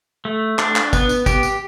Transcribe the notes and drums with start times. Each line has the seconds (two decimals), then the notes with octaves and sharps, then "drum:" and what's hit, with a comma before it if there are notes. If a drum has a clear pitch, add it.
0.25 A3
0.59 D4, drum: clap
0.76 drum: clap
0.93 B3, drum: kick, tambourine
1.09 drum: tambourine
1.26 G4, drum: kick, tambourine
1.43 drum: tambourine